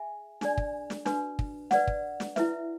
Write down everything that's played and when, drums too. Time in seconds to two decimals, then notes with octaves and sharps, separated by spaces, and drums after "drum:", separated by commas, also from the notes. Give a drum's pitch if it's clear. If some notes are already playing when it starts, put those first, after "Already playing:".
Already playing: G#4 E5 G#5
0.41 D4 G#4 D5 G#5, drum: snare
0.57 drum: kick
0.90 drum: snare
1.06 D4 F#4 B4, drum: snare
1.39 drum: kick
1.71 B4 D5 F#5, drum: snare
1.87 drum: kick
2.20 drum: snare
2.36 E4 B4 E5, drum: snare